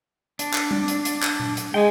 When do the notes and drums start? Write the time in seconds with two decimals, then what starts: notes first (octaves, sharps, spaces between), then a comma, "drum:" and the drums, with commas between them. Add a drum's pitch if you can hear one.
0.39 D4, drum: hi-hat
0.54 drum: clap
0.71 drum: tom
0.88 drum: hi-hat
1.05 drum: hi-hat
1.22 drum: clap
1.40 drum: tom A#2
1.57 drum: hi-hat
1.74 G#3 G5 G#5